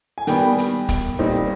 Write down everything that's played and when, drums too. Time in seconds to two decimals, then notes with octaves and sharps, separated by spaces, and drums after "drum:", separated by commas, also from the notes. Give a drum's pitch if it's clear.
0.18 G#5
0.27 D#3 G3 B3 G5, drum: hi-hat
0.58 drum: hi-hat
0.89 drum: kick, hi-hat
1.19 A#2 G3 C4 D#4